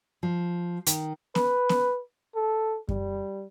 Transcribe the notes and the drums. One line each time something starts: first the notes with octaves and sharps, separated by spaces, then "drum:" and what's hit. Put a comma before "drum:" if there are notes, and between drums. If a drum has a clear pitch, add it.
F3
D#3, drum: hi-hat
B4, drum: snare B3
drum: snare B3
A4
G3, drum: kick F#2